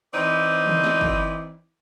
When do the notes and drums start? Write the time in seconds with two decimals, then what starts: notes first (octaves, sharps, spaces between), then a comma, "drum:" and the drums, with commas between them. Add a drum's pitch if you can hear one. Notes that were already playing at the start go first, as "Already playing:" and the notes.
0.13 E3 C4 D#4 E4 D5
0.66 drum: tom
0.84 drum: snare
1.01 drum: kick G1